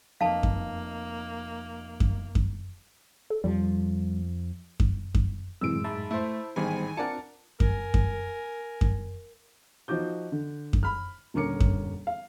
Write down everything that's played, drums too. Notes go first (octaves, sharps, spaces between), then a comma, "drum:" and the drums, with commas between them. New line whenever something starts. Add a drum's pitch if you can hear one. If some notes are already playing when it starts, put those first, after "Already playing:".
F1 A#3 D#5 F5 A5
drum: kick F#2
drum: kick F#2
drum: kick F#2
A4
F2 F3 G3
drum: kick F#2
drum: kick F#2
F#2 A2 C3 E3 G#3 E6 D7
G#2 E5 A5 B5
A3 E4 C5
A1 G#2 D#3 G3 B3 C5 G#5 B5
C4 D4 F4 A#4 D5 F#5 A5 C#7
A#4 G#5, drum: kick F#2
drum: kick F#2
drum: kick F#2
F3 D#4 F#4 D6 G6
D3
drum: kick F#2
B5 F6
D#1 D3 C#4 A#4 D6 C#7
drum: kick F#2
F5